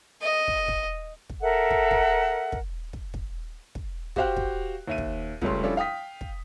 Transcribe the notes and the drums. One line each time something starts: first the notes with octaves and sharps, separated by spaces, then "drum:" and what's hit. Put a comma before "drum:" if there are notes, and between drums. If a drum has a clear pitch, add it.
D#5
drum: kick
drum: kick
drum: kick
A4 A#4 E5 F#5
drum: kick
drum: kick
drum: kick
drum: kick
drum: kick
drum: kick
F#4 G4 C5 F5 G5 F#6, drum: kick
drum: kick
D#2 E5 D#7
drum: kick
C#2 G3 A3 C#4 C6, drum: kick
F3 G3 C#4 D4 E4 A4
F5 G5 D#6 B6
drum: kick